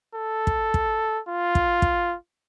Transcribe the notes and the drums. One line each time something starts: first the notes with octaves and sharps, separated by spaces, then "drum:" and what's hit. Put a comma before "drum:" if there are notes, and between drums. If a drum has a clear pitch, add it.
A4
drum: kick
drum: kick
F4
drum: kick
drum: kick